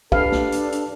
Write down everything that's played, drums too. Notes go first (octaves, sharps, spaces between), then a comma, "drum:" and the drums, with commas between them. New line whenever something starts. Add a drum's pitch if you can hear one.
D4 G4 A4 B4 F5, drum: kick
drum: snare
drum: hi-hat
drum: hi-hat